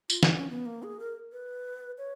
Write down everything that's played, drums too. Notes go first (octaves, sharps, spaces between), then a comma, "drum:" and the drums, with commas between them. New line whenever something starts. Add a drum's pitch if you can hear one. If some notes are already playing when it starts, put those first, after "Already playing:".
F4, drum: tambourine
D#4, drum: snare
C#4
B3
A#3
G#4
A#4
B4
C#5